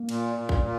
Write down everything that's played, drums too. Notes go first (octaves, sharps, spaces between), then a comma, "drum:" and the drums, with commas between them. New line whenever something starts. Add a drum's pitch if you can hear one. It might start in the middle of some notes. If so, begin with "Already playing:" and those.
Already playing: A#3
A#2, drum: cymbal
A#2
drum: kick A1
A#2